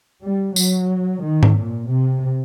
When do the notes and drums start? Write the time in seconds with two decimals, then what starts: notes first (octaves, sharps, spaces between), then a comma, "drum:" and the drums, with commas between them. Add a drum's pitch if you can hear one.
0.24 G3
0.56 F#3, drum: tambourine
1.24 D#3
1.43 drum: tom G#2
1.56 A#2
1.90 C3